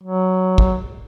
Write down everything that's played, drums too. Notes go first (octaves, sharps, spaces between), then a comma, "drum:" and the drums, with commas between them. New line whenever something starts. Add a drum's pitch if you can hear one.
F#3
drum: kick